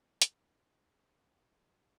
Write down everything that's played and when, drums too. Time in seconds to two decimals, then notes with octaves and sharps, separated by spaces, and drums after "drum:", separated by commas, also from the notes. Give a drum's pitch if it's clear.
0.22 D4 G#4 G5, drum: hi-hat
0.87 G#5
1.20 C5
1.53 C5